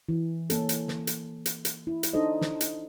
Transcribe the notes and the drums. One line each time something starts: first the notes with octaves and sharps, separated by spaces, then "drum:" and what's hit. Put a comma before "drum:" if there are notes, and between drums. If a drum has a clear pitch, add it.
E3
A#3 C#4 A4, drum: hi-hat
drum: hi-hat
drum: snare
drum: hi-hat
drum: hi-hat
drum: hi-hat
E4
drum: hi-hat
D4 D#4 A4 C5 D#5
drum: snare
drum: hi-hat